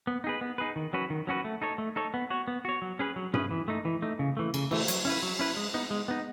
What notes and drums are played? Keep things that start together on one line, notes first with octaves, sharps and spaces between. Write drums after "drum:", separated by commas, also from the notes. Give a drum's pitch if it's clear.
B3
D#4 G#4 B4
B3
D#4 G#4 B4
D#3
F#3 C#4 F#4 B4
D#3
F#3 C#4 F#4 B4
A3
D#4 A4 C#5
A3
D#4 A4 C#5
B3
F#4 C#5
B3
F#4 C#5
F#3
C#4 G#4 B4
F#3
C#4 G#4 B4, drum: tom G2
E3
A3 D#4
E3
A3 D#4
C#3
E3 A3
C#3, drum: cymbal
E3 A3, drum: cymbal
F#3, drum: hi-hat
C#4 E4 B4
F#3
C#4 E4 B4
G#3
B3 D#4
G#3
B3 D#4